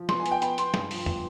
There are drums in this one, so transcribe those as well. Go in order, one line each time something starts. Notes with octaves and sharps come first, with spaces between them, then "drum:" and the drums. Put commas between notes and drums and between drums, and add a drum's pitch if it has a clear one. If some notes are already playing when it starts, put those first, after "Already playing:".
Already playing: F3
B3 C6, drum: snare
G#5
B3, drum: hi-hat
G5
B3 B5, drum: hi-hat
B3 C6, drum: hi-hat
G2, drum: snare
F3, drum: open hi-hat
B3, drum: tom